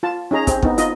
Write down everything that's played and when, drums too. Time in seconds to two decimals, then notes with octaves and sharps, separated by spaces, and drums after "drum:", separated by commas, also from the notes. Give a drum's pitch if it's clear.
0.03 F4 A5
0.31 C#4 D#4 G#4 A#5
0.47 C4 G#4, drum: kick, hi-hat
0.62 B3 D#4, drum: kick
0.78 D#4 F4 D#5, drum: hi-hat